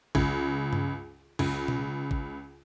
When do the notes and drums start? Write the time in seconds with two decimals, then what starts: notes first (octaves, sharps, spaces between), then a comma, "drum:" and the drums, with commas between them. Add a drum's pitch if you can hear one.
0.15 C#2, drum: kick G#1
0.73 drum: tom G2
1.39 C#2, drum: cymbal
1.68 drum: tom B2
2.11 drum: kick G#1